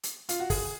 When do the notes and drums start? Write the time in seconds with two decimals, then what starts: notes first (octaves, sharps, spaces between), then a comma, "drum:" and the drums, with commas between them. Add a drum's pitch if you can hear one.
0.03 drum: hi-hat
0.29 F4, drum: hi-hat
0.40 F#4
0.50 G#4, drum: kick, open hi-hat